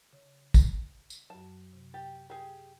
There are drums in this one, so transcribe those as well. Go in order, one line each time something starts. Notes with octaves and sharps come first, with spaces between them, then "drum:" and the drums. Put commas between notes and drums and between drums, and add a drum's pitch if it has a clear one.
C#3
drum: kick, tambourine
drum: tambourine
F#2 F#3 A5
C3
G4 A6
G4 G#4